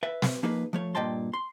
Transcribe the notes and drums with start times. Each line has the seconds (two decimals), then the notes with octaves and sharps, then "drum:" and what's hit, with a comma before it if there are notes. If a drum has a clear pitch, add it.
0.03 B4 E5
0.22 drum: snare
0.43 F3 A#3 D#4 G#4 B4
0.73 F3 A3 C#5
0.95 G2 A#2 D#5 G5 A5 C6
1.33 C6